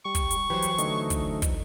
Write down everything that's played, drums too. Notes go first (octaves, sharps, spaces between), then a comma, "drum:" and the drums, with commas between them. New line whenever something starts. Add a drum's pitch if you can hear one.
G3 C#6
drum: kick, hi-hat
drum: hi-hat
E3 F#3 G4 B4 C5
drum: hi-hat
D3 A3 D#4, drum: hi-hat
drum: kick, hi-hat
drum: kick, hi-hat